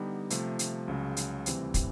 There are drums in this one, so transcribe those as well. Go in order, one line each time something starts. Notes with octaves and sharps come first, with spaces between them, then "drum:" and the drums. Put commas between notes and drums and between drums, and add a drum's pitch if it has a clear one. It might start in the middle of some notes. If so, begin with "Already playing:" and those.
Already playing: D3 G3 B3 D#4 G4
C3 F3 A3, drum: hi-hat
drum: hi-hat
C#2 C#3 F#3
drum: hi-hat
D2 C3 E3 G3 C4, drum: hi-hat
drum: kick, hi-hat